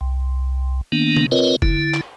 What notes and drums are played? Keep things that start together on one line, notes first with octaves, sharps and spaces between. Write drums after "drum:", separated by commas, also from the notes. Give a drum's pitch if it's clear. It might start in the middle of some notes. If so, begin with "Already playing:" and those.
C2
D#3 A#3 B3 D4
drum: tom C3
C4 F4 A#4 B4 C#5 D#5
D3 E4, drum: kick
drum: clap